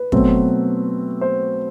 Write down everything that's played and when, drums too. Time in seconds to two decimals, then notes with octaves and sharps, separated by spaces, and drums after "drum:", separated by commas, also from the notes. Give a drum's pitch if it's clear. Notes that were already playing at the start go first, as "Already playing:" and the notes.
Already playing: B4
0.12 B2 F#3 A3 C4, drum: kick
1.21 C5